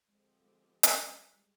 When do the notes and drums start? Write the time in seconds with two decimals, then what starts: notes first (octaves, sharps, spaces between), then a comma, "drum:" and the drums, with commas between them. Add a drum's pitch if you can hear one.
0.09 D3 F3 G#3 C4 G4
0.40 G#3
0.83 drum: hi-hat
1.02 G3
1.34 G#3